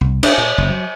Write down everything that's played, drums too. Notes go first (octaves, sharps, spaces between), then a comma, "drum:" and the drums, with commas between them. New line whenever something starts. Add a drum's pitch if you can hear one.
C2
D4, drum: cymbal
A#2
F#1
F#3